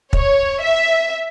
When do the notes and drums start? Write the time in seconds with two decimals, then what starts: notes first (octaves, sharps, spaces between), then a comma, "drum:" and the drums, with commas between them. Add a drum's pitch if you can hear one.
0.13 C#5, drum: kick
0.61 E5